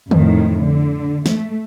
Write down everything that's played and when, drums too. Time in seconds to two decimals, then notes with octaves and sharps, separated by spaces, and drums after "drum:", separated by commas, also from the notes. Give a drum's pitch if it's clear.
0.11 F2 A2 D#3, drum: tom D3
0.62 D3
1.26 A3, drum: snare